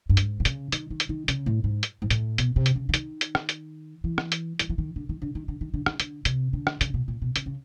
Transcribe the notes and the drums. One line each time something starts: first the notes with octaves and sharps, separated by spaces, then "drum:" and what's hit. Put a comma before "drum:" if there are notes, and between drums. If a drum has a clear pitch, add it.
G2
G#2, drum: hi-hat
D3
C#3, drum: hi-hat
D#3, drum: hi-hat
D#3
drum: hi-hat
D#3
C#3, drum: hi-hat
A2
G#2
drum: hi-hat
G#2
A2, drum: hi-hat
B2, drum: hi-hat
C3
drum: hi-hat
C#3
D3
D#3, drum: hi-hat
drum: hi-hat
drum: rim click
drum: hi-hat
E3
drum: rim click
drum: hi-hat
E3, drum: hi-hat
E3
D#3
D3
D#3
D3
D#3
D3
D#3
D3
D#3, drum: rim click
D3, drum: hi-hat
C3, drum: hi-hat
D3
drum: rim click
C#3, drum: hi-hat
B2
A#2
B2
C#3, drum: hi-hat
C#3